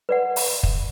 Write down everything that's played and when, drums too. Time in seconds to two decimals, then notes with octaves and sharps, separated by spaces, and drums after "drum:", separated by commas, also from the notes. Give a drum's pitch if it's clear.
0.09 B4 D5 F#5
0.36 drum: open hi-hat
0.63 drum: kick